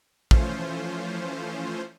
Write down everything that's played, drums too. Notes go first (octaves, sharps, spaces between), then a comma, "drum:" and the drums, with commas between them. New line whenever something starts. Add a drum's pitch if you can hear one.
E3 F3 A3 C#4 F4 C5, drum: kick